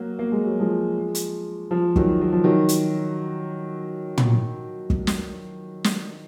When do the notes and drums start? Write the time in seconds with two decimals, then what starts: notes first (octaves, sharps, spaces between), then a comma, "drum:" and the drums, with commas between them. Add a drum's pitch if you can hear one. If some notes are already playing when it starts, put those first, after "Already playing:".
Already playing: F#3 A#3
0.19 A#3
0.32 G#3
0.46 F#3
0.60 F3 G#3
1.15 drum: hi-hat
1.71 F3
1.96 D#3 F#3, drum: kick
2.21 F#3
2.33 F3
2.44 D#3 F#3
2.69 drum: hi-hat
4.18 drum: tom
4.90 drum: kick
5.07 drum: snare
5.84 drum: snare